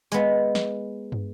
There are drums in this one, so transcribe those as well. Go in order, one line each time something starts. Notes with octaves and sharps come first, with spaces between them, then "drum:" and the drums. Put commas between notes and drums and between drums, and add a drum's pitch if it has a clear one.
G#3 B3, drum: tambourine
drum: snare
drum: tom